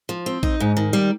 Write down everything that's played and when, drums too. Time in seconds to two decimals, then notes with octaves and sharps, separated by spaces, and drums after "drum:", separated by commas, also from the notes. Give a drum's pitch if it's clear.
0.09 F3
0.26 C4
0.43 D#4, drum: kick A#1
0.60 G#2
0.77 D#3
0.93 G3